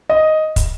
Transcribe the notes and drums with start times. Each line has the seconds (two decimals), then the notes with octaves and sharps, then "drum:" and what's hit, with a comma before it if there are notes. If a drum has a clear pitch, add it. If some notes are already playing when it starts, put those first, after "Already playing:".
0.10 D#5
0.56 drum: kick, hi-hat